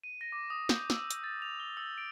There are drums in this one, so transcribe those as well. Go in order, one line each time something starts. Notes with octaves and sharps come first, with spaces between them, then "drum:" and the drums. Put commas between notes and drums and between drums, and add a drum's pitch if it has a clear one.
D#7
A#6
D6
D#6
G6, drum: snare
E6, drum: snare
drum: hi-hat
A6
F7
G7
E6
D7